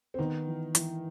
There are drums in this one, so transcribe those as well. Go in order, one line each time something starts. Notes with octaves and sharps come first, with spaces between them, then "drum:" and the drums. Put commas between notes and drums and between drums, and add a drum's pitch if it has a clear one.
C4
D#3 B3 D#4
E3
E3, drum: hi-hat